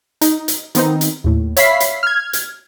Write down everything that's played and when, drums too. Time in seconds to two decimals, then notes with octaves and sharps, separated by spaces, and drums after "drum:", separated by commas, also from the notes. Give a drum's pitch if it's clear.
0.21 D#4, drum: hi-hat
0.48 drum: hi-hat
0.75 D#3 B3 C4 D#4, drum: hi-hat
1.01 drum: hi-hat
1.24 D#2 A2
1.57 C#5 E5 F5 B5 B6 C7, drum: hi-hat
1.80 drum: hi-hat
2.03 F6 G#6
2.33 drum: hi-hat